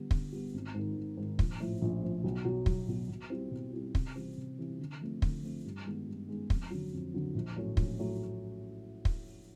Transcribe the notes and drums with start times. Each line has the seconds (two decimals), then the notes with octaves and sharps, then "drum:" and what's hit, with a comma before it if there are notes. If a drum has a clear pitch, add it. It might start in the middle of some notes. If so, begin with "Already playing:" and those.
Already playing: D3 G3 B3
0.11 D3, drum: kick
0.33 G3 B3
0.54 G#1
0.75 G#2 D#3
0.96 G#1
1.17 G#2 D#3
1.39 A#1, drum: kick
1.60 A2 F3
1.82 A#1
2.03 A2 F3
2.24 B1
2.45 B2 F#3
2.66 B1, drum: kick
2.89 B2 F#3
3.09 B2
3.30 G3 C4 E4
3.51 B2
3.73 G3 C4 E4
3.95 C3, drum: kick
4.16 E3 G3 C4
4.37 C3
4.59 E3 G3 C4
4.79 D3
5.01 F3 A3 C4
5.22 D3, drum: kick
5.43 F3 A3 C4
5.64 G2
5.86 D#3 G#3 B3 D#4
6.07 G2
6.29 D#3 G#3 B3 D#4
6.50 F2, drum: kick
6.70 D3 F#3
6.93 F2
7.14 D3 F#3
7.34 A#1
7.56 A2 F#3 A3 C#4
7.77 A#1, drum: kick
7.99 A2 F#3 A3 C#4
9.05 drum: kick